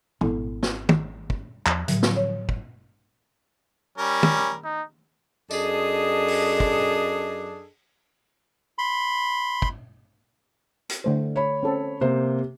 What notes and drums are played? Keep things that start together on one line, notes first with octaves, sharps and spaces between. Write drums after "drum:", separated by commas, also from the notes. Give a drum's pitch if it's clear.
G#1 B3 E4 A4, drum: tom
drum: snare
drum: tom
drum: kick
E2 F3, drum: clap
A2 D3 F3 F#3, drum: hi-hat
drum: snare
C#5
drum: kick
G3 C#4 A#4
drum: tom
D#4
F#2 D4 G#4 A4 D#5, drum: tambourine
drum: open hi-hat
drum: kick
B5 C6
drum: kick
drum: hi-hat
D3 A3 C5
C#5 B5
C4 C#4 A4
C3 A#3 C5